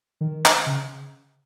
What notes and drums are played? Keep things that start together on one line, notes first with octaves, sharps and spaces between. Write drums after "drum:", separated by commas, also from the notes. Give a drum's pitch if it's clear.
D#3
drum: clap
C#3